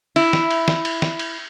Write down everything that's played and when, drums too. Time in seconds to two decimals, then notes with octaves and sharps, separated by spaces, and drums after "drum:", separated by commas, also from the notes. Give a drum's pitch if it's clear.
0.16 E4, drum: cymbal
0.33 drum: snare
0.50 drum: cymbal
0.68 drum: snare
0.85 drum: cymbal
1.02 drum: snare
1.19 drum: cymbal